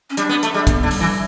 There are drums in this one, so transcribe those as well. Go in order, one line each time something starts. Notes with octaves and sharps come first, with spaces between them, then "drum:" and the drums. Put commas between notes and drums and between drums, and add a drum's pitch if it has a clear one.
C#4
G3 D4, drum: hi-hat
B3
A3, drum: hi-hat
G3 D4
B3, drum: kick, hi-hat
D3
F#3
G3, drum: open hi-hat
E3